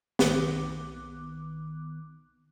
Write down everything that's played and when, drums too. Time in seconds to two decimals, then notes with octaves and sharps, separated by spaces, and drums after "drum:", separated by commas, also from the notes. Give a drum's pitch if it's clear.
0.19 B1 D#3 B3 D6 F#6, drum: snare